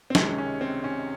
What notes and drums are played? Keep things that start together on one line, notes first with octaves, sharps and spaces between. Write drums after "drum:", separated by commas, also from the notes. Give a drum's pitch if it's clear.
C4
C#2 C3 D#3 G#3 C#4, drum: snare
C#4
C4
C#4